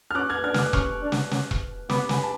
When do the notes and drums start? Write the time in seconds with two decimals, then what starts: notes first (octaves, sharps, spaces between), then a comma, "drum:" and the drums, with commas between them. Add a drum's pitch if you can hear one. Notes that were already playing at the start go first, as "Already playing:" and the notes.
0.11 F6
0.15 C#4 D6 F#6
0.29 F6 G#6
0.44 D4 F6 G#6
0.54 F6, drum: snare
0.58 D6 F#6
0.73 C#4 C#6 F6, drum: kick E1
1.02 D4
1.12 drum: snare
1.31 C#4, drum: snare
1.51 drum: kick E1
1.89 B3 B5 D6, drum: snare
2.09 G#5 B5, drum: snare
2.22 A5